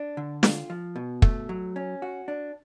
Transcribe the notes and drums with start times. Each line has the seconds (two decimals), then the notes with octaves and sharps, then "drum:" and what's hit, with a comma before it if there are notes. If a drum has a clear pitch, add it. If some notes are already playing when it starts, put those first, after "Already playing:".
Already playing: D4
0.17 D3
0.43 F4, drum: snare
0.70 F3
0.96 B2
1.22 A3, drum: kick
1.49 F#3
1.76 C#4
2.02 F#4
2.28 D4